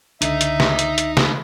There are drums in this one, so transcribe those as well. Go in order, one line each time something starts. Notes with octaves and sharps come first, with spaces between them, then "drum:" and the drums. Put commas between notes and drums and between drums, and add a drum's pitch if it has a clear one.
C#2 D3 D#4 D#5 E5, drum: hi-hat
drum: hi-hat
drum: snare
drum: hi-hat
drum: hi-hat
drum: snare